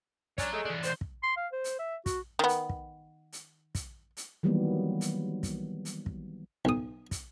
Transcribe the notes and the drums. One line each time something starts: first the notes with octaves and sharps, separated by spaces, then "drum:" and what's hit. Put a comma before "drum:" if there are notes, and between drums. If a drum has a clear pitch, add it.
C#4 D4 C#5 A#5, drum: kick, hi-hat
G#3 A3
E3 D4
C5, drum: hi-hat
drum: kick
C6
F5
C5
drum: hi-hat
E5
F#4, drum: kick, hi-hat
D#3 B3
drum: hi-hat
drum: kick
drum: hi-hat
drum: kick, hi-hat
drum: hi-hat
D#3 E3 F#3 G3 A#3 B3
drum: hi-hat
drum: kick, hi-hat
drum: hi-hat
drum: kick
B1 D#6
drum: kick, hi-hat